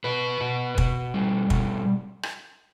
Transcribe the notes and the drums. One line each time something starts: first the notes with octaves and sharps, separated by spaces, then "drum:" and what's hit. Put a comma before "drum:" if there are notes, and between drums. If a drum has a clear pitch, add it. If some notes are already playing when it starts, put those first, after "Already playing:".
B2 B4
B2
B2, drum: kick
G3
B2, drum: kick
drum: rim click